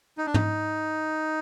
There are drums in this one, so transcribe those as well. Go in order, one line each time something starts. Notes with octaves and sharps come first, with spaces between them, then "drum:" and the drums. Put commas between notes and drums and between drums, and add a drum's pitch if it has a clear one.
D#4
D4
D#4, drum: tom